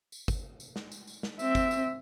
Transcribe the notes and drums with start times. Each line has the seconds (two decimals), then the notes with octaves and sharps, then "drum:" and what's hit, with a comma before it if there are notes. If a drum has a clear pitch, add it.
0.12 drum: tambourine
0.28 drum: kick, tambourine
0.60 drum: tambourine
0.76 drum: snare
0.92 drum: tambourine
1.07 drum: tambourine
1.23 drum: snare
1.39 C4 E5, drum: tambourine
1.55 drum: kick, tambourine
1.71 drum: tambourine